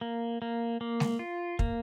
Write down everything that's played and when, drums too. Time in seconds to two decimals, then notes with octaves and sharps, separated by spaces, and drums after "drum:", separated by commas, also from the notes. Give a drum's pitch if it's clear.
0.01 A#3
0.42 A#3
0.81 A#3
1.00 drum: snare G#3
1.19 F4
1.59 A#3, drum: kick